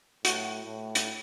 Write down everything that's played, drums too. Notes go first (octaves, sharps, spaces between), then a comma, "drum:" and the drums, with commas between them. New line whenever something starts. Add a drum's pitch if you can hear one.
A2 F#4, drum: hi-hat
A2
drum: hi-hat